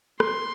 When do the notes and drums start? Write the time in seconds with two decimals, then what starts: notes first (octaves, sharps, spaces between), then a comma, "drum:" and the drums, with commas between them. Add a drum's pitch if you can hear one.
0.20 C6, drum: rim click